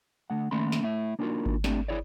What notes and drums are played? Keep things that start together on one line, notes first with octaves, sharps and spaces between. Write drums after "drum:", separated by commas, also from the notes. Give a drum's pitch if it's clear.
D3 A3 F#5
D#3 A3 A#3 C#4 B5 C6
drum: snare
A3 E4 E5
A#3 D4 D#4 F4 F#4 A#4
drum: kick G#1
A3 C4 D4 G4, drum: snare
E4 G#4 C#5 D5